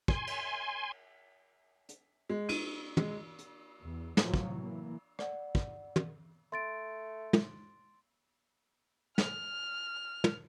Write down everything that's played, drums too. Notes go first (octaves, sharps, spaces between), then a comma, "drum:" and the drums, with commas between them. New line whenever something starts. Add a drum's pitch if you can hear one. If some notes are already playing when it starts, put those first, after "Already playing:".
G#5 C6, drum: kick
drum: cymbal
drum: hi-hat
G#3
D#7, drum: cymbal
G#3, drum: tom
drum: hi-hat
E2
A2 C3 F3 F#3, drum: snare
drum: kick
E3 A#3
D5 F#5, drum: rim click
drum: kick
drum: tom
A3 C6 A6 D7
drum: tom
F6, drum: snare
drum: tom